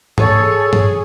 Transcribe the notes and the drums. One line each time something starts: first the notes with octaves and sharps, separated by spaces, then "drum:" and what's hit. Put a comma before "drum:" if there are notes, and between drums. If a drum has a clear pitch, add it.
G#4 A4 C#5, drum: tom G#2
drum: tom G2